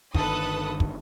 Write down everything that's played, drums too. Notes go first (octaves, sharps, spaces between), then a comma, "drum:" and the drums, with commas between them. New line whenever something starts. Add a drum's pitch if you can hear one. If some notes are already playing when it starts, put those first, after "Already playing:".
G1 D3 D#3 A4 B4 D#6, drum: kick
drum: kick